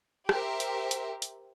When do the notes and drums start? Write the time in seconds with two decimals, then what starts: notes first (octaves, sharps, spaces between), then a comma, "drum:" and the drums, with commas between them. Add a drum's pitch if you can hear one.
0.29 G4 A#4 C5 E5, drum: rim click
0.60 drum: hi-hat
0.91 drum: hi-hat
1.22 drum: hi-hat